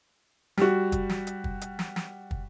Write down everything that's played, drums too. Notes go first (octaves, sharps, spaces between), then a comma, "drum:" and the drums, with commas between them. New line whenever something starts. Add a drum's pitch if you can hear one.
G3 F#4, drum: snare
drum: kick, hi-hat
drum: snare
drum: hi-hat
drum: kick
drum: hi-hat
drum: snare
drum: snare
drum: kick